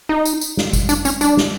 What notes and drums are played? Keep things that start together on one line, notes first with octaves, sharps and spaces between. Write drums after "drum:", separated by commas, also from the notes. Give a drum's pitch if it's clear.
D#4
drum: tambourine
drum: tambourine
drum: snare
drum: kick G1, tambourine
D4, drum: tambourine
C#4, drum: tambourine
D4, drum: tambourine
drum: snare